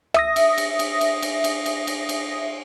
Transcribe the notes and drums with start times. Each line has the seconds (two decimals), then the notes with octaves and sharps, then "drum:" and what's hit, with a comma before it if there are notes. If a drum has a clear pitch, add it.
0.14 E5 D#6 A#6, drum: rim click
0.36 drum: cymbal
0.58 drum: cymbal
0.79 drum: cymbal
1.01 drum: cymbal
1.22 drum: cymbal
1.44 drum: cymbal
1.66 drum: cymbal
1.87 drum: cymbal
2.09 drum: cymbal